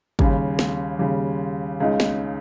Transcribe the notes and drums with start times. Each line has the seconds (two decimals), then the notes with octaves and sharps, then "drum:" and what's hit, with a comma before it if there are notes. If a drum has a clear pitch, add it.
0.19 D#2 C#3 G3, drum: kick
0.59 drum: snare
0.99 D#2 C#3 G3
1.80 C#2 C#3 G#3 D#4
2.00 drum: snare